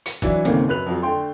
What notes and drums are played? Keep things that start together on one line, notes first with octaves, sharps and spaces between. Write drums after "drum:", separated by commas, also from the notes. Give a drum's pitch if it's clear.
C#7, drum: hi-hat
E3 F#3 D4 E4, drum: kick F#1
D#2 G#2 C#3 A3 A#3 C4, drum: rim click
F#2 B4 F#6 F7
F2 F3 F#3
D3 A3 G5 C6